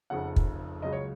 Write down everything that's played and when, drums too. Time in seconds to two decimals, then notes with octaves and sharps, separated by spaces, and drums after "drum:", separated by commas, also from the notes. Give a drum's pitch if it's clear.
0.10 F1 F2 C#3 F#5
0.36 drum: kick
0.82 C#2 C#3 F#3 D#5
0.92 C#5